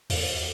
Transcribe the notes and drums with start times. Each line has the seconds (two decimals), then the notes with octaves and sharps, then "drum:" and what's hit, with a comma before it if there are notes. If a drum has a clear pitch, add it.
0.10 E2, drum: open hi-hat